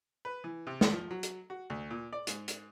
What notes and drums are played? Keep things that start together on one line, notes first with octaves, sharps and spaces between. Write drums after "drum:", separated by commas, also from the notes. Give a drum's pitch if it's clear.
B4
E3
C3
drum: snare
F3
F#3
drum: hi-hat
F#4
D2
A#2
D5
G#2, drum: hi-hat
drum: hi-hat